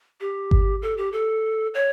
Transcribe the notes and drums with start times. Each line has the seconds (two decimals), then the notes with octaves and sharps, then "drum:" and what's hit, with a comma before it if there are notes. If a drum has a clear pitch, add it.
0.21 G4
0.51 drum: kick G1
0.82 A4
0.97 G4
1.12 A4
1.74 C#5